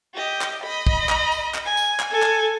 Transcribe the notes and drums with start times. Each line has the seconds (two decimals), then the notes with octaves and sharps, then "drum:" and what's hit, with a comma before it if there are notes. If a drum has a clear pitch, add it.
0.15 G4 D#5
0.41 drum: clap
0.64 D#5 B5
0.87 drum: kick
1.09 drum: clap
1.32 drum: tambourine
1.54 drum: clap
1.66 G#5
1.77 drum: tambourine
2.00 drum: clap
2.10 A4 G#5
2.22 drum: clap